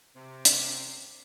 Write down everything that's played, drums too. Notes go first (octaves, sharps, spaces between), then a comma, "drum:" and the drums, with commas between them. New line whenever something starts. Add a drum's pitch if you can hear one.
C3
drum: hi-hat